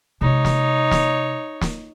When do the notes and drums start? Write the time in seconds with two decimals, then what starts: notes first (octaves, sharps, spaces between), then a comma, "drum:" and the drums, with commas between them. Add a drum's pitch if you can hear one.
0.21 C3 G#3 D#4 C#5
0.45 drum: snare
0.91 drum: snare
1.61 drum: snare